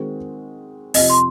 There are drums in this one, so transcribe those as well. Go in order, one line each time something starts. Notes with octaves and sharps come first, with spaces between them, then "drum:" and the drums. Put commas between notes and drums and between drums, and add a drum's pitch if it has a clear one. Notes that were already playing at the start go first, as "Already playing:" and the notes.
Already playing: D#3 G#3 C4 F#4
F2 C3 F3 D#5, drum: open hi-hat
C6